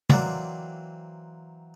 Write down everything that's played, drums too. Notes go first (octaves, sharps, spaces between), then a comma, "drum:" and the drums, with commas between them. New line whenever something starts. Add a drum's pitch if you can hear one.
E3 F#3 A#3 C4 D5, drum: tom